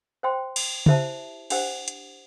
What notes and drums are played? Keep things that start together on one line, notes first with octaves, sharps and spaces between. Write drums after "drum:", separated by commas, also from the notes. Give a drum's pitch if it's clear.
C5 G5 C6
drum: cymbal
E4 G4 C5 E5 A5, drum: tom C#3
D4 G4 C5 F#5, drum: cymbal
drum: hi-hat